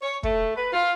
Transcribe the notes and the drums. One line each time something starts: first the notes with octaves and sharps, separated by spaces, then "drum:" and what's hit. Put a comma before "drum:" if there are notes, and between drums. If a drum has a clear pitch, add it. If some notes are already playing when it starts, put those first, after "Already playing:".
C#5
A3, drum: kick
B4
F4